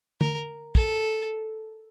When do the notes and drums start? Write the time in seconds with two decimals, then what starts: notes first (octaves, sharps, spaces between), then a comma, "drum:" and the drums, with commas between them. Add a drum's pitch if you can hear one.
0.21 A#4, drum: tom
0.75 A4, drum: kick